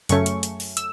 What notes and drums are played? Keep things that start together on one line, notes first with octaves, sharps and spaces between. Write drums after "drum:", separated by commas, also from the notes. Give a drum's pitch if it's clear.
F#2 C#3 F#3 A3 C#4 C#6, drum: hi-hat
drum: hi-hat
drum: hi-hat
drum: open hi-hat
E6, drum: hi-hat